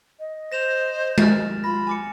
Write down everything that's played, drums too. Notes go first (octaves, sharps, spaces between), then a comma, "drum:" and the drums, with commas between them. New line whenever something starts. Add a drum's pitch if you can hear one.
D#5
C5 A#6 E7 F7
F6 A6, drum: tom G#3
F4 B5 A#6
G#5 D6 C#7